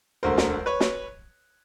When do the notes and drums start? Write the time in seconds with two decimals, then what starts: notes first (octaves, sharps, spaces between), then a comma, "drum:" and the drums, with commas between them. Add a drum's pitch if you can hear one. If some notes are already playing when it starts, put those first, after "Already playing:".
0.23 E1 D2 D3 A#4 C5
0.38 drum: snare
0.66 B4 C#5
0.80 drum: snare